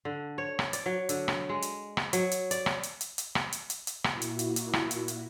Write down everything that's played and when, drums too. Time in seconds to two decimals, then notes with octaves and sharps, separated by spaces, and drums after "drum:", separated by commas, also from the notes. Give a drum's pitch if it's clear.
0.05 D3
0.38 C#5
0.59 drum: rim click
0.73 D5, drum: hi-hat
0.86 F#3
1.09 D3, drum: hi-hat
1.28 drum: rim click
1.49 G#3
1.62 drum: hi-hat
1.97 drum: rim click
2.13 F#3, drum: hi-hat
2.32 drum: hi-hat
2.51 D5, drum: hi-hat
2.66 drum: rim click
2.83 drum: hi-hat
3.01 drum: hi-hat
3.18 drum: hi-hat
3.35 drum: rim click
3.52 drum: hi-hat
3.70 drum: hi-hat
3.87 drum: hi-hat
4.04 A#2 A#3 E4 F#4, drum: rim click
4.22 drum: hi-hat
4.39 drum: hi-hat
4.56 drum: hi-hat
4.73 drum: rim click
4.91 drum: hi-hat
5.08 drum: hi-hat